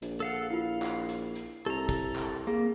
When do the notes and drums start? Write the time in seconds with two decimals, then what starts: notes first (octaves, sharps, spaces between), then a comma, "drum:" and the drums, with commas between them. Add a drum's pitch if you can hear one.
0.02 A#1, drum: hi-hat
0.20 A4 F5 F#5
0.50 E4 F4 F5
0.82 drum: clap
1.09 drum: hi-hat
1.36 drum: hi-hat
1.66 C2 G4 A4 A#5
1.89 drum: kick, hi-hat
2.15 drum: clap
2.47 A#3 G#4